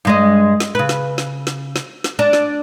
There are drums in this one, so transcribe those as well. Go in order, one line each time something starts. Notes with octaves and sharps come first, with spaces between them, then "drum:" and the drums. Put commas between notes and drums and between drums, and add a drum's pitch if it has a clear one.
G2 G#3 D#5
drum: snare
C#3 B4
drum: snare
drum: snare
drum: snare
drum: snare
drum: snare
D4
drum: snare